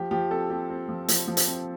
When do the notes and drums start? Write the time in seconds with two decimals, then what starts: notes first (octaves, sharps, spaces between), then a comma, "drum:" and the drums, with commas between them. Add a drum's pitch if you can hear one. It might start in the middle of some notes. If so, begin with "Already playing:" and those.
Already playing: F3 G4
0.11 F3 G4
0.30 C4 A4
0.49 C4 G4
0.70 C4
0.88 F3
1.08 F3, drum: hi-hat
1.28 F3
1.37 drum: hi-hat
1.47 C4